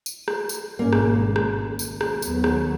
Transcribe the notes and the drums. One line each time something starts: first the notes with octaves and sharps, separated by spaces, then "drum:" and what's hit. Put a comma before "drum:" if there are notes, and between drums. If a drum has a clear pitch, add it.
drum: tambourine
drum: rim click
drum: tambourine
G#1 G#2 B2 A#3 C#4
drum: rim click
drum: rim click
C#2
drum: tambourine
drum: rim click
D#2 F#3 B3, drum: tambourine
drum: rim click